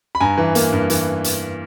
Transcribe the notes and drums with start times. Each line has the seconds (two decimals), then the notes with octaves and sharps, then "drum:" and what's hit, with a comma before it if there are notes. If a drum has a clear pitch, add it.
0.15 B5
0.20 G2 G#5 A#5
0.38 E3
0.55 A#3, drum: hi-hat
0.73 G2
0.90 E3, drum: hi-hat
1.24 drum: hi-hat